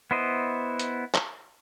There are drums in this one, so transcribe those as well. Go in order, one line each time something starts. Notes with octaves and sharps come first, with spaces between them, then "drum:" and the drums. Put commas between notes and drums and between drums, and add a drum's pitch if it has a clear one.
B3 E4 C5 D#5
drum: hi-hat
drum: clap